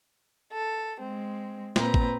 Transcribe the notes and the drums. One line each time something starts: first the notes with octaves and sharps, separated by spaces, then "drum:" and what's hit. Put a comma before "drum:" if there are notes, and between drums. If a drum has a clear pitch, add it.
A4
G#3 C4
A#2 C4 B4 A#5, drum: snare
drum: kick G#1